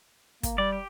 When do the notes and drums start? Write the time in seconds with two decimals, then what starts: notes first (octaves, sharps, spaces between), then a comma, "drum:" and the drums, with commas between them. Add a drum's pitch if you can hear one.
0.43 A#3, drum: kick, hi-hat
0.58 G3 D5
0.72 G4